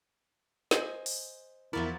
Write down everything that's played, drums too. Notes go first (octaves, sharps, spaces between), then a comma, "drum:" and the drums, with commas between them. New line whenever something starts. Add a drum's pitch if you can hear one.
C5 D#5 G#5, drum: snare
drum: open hi-hat
E2 F3 F#3 E4 A#4 D5